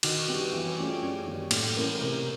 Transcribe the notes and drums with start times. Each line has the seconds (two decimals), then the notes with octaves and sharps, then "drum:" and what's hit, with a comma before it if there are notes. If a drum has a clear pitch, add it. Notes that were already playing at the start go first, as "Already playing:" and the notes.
0.03 D#3 F#4, drum: cymbal
0.29 G3 B3 G4
0.53 E3 G4
0.65 C#5
0.77 A3 C#4 F4 G#4 D5
0.90 D5
1.02 F#2 C#5
1.27 D#3 G3 A#3
1.51 A2, drum: cymbal
1.76 E3 A3 C#4 E4 A#4
2.00 C3 A#4